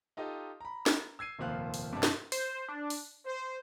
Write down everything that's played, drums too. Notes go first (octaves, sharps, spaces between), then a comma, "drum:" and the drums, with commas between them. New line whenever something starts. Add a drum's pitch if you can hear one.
D#4 F4 G4 A4 D#5
A#5 B5
drum: snare
E6 G#6 C7 D#7
F1 D#2 A#2 F3 F5 F#6
drum: open hi-hat
G2 C3 D4
drum: snare
C5, drum: open hi-hat
D4
drum: open hi-hat
C5